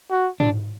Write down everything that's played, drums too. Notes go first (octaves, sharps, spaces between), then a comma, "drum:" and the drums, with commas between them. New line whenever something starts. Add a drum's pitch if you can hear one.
F#4
D4, drum: tom G#2